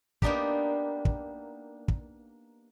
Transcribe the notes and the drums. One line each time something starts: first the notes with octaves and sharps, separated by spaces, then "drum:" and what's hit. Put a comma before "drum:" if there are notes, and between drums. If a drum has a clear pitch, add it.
A#3 B3 D4 D#4 G4, drum: kick
drum: kick
drum: kick